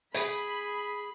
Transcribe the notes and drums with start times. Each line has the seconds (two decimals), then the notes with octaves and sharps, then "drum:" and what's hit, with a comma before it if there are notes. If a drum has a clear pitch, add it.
0.14 G#4 B5, drum: hi-hat